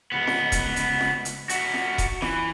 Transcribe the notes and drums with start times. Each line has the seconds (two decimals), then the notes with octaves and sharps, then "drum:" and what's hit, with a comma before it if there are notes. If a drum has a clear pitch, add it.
0.12 C#2 B3
0.27 drum: snare
0.52 drum: kick D#1, hi-hat
0.76 drum: hi-hat
1.01 drum: snare
1.25 drum: hi-hat
1.49 F#4 E5, drum: hi-hat
1.74 drum: snare
1.98 drum: kick D#1, hi-hat
2.22 E3, drum: snare